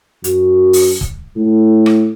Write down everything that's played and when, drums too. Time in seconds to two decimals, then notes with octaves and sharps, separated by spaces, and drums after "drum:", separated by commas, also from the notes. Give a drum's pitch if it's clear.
0.24 F#2, drum: hi-hat
0.73 drum: open hi-hat
1.01 drum: kick
1.37 A2
1.86 drum: rim click